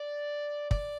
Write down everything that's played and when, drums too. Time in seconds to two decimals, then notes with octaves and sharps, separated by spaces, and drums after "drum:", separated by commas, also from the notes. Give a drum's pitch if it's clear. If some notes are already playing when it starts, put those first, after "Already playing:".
Already playing: D5
0.71 D5, drum: kick